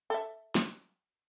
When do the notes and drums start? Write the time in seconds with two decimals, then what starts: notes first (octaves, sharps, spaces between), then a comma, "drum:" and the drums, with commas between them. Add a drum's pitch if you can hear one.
0.10 A4 E5
0.55 drum: snare